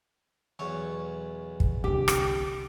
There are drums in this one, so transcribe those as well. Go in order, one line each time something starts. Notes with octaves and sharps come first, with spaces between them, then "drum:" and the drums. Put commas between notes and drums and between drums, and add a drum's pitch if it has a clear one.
B1 E2 C#5
drum: kick
C2 D3 G4
drum: rim click